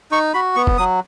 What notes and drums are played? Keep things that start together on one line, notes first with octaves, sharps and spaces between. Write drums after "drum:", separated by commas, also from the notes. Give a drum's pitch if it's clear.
D#4 C#6
F#4 B5
B3 C#6
drum: kick
F#3 D#6